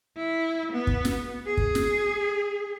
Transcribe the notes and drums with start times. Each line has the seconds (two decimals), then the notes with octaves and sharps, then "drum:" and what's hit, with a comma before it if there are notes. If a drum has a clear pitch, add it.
0.17 E4
0.72 B3
0.87 drum: kick
1.05 drum: snare
1.47 G#4
1.57 drum: kick
1.75 drum: snare